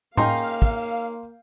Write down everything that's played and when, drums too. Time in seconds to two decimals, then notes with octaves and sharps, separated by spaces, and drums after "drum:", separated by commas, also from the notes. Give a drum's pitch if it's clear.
0.17 A#3 C#4 D#4 G#4 F5 G5 C6, drum: tom A2
0.62 drum: kick